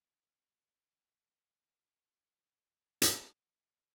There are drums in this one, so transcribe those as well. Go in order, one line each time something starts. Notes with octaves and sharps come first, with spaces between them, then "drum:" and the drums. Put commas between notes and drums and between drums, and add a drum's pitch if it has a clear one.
F#2
G3 A3 B3 C#4 D#4 G4
A#3 B3 A#4 B4
A#4 C#5
F#2 A2 D3
drum: hi-hat